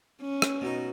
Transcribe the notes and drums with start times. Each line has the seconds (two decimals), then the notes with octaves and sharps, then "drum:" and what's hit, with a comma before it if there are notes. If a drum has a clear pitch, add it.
0.21 C#4
0.42 drum: rim click
0.61 B2 D#4